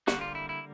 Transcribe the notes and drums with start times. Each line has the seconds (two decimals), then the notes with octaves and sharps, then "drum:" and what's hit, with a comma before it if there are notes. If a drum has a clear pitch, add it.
0.07 D3 G3 A#3 F#4, drum: snare
0.21 F4
0.35 E4
0.49 E4